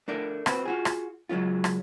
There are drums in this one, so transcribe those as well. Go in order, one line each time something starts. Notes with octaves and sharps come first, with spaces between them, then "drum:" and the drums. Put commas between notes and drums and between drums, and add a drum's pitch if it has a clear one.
A3 D4 A#4 D5
C4 F#4 B4, drum: rim click
F4 F#4 G#4
drum: rim click
C#2 F#3 G#3 C#4 F4
drum: rim click